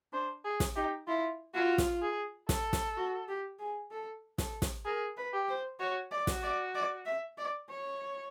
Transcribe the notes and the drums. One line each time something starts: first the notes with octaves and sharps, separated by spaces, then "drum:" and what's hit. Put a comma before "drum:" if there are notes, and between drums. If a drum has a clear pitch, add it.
D4 C5
G#4
drum: snare
D#4 G4
E4 F4
F4 F#4
drum: snare
G#4
A4, drum: snare
drum: snare
F#4
G4
G#4
A4
A4, drum: snare
drum: snare
G#4 A#4
B4
G4
C5
F#4 C#5
D5
F#4, drum: snare
D5
D5
E5
D5
C#5